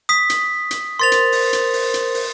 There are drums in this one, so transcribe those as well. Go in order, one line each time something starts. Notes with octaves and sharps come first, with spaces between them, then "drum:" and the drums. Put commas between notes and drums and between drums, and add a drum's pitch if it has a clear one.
D#6 B6
drum: hi-hat
drum: hi-hat
A#4 C5 C6 A6 F7
drum: hi-hat
drum: open hi-hat
drum: hi-hat
drum: open hi-hat
drum: hi-hat
drum: open hi-hat